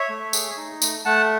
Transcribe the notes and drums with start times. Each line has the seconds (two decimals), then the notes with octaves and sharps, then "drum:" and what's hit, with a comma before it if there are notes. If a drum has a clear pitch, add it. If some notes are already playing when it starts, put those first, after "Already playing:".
Already playing: C#5 E5
0.09 A3
0.33 G#4, drum: tambourine
0.57 D#4
0.82 A3, drum: tambourine
1.05 A3 F#5 A5